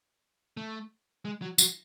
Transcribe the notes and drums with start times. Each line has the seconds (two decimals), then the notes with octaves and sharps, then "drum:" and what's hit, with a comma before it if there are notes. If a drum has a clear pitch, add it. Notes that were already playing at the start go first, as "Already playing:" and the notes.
0.57 A3
1.25 G#3
1.42 F#3
1.58 F#3, drum: tambourine